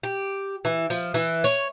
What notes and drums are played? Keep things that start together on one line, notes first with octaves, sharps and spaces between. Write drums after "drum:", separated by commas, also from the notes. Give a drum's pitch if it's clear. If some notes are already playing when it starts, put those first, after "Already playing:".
G4
E3
F3, drum: tambourine
E3, drum: tambourine
C#5, drum: tambourine